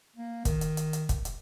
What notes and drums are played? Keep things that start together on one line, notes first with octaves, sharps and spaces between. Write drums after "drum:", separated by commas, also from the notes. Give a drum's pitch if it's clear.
A#3
D#3, drum: kick, hi-hat
drum: hi-hat
drum: hi-hat
drum: hi-hat
drum: kick, hi-hat
drum: hi-hat